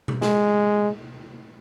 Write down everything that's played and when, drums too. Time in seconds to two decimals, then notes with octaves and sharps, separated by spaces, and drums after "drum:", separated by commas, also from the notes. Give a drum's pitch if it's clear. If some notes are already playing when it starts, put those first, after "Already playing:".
0.08 drum: tom B2
0.22 G#3, drum: snare